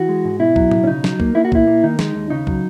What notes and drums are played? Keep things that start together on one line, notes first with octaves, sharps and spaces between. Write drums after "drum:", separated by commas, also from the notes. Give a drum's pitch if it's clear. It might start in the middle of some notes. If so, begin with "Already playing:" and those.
Already playing: E3 F#4
G#3
G#2
B2 E4
F#3, drum: kick
B1, drum: tom A2
C#4
C#3 D#4
F#3, drum: snare
A#3, drum: kick
A#3 E4
F#4
A#2 E4, drum: kick
A#3
D#3 D#4
G#3, drum: snare
D#2
C#3 D#4
F#3, drum: kick